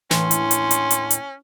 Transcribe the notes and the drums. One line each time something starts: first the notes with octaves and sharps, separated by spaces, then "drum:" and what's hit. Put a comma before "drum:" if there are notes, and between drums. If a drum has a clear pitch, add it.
D#2 A2 E3 C#4 D4 C6, drum: snare
drum: hi-hat
drum: hi-hat
drum: hi-hat
drum: hi-hat
drum: hi-hat